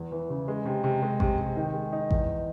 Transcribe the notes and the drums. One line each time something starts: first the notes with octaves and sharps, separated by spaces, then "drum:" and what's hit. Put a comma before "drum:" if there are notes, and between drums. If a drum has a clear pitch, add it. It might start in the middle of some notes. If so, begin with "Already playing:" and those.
Already playing: E2
E3
C#3
G#3
C3
C3
G#3
C3, drum: kick A1
C3
D#3
G#3
D#4
E2, drum: kick A1